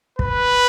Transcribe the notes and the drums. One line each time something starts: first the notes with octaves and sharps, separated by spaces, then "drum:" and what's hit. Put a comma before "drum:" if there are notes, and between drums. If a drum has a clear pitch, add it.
B4, drum: kick